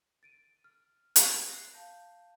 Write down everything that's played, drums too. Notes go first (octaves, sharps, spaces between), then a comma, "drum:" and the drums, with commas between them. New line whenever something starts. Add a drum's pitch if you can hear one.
A6 D7 D#7
F6
B4 G5, drum: hi-hat
F#6 A#6 C7
F5 A5 G6